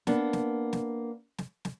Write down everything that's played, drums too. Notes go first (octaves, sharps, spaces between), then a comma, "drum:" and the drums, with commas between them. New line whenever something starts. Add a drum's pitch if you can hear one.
A#3 B3 D4, drum: snare
drum: snare
drum: snare
drum: snare
drum: snare